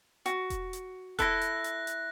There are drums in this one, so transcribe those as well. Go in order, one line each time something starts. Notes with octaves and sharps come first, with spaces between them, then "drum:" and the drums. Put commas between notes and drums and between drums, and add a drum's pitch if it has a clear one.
F#4, drum: hi-hat
drum: kick E1, hi-hat
drum: hi-hat
E4 A4 F#6 A#6, drum: kick E1, hi-hat
drum: hi-hat
drum: hi-hat
drum: hi-hat